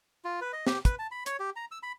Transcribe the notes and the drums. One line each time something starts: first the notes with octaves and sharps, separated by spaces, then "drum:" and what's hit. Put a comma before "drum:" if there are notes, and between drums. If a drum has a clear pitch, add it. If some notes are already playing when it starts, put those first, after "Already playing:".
F4
B4
D#5
G4, drum: snare
B4, drum: kick, hi-hat
A5
B5
C#5, drum: hi-hat
G4
A#5
E6
B5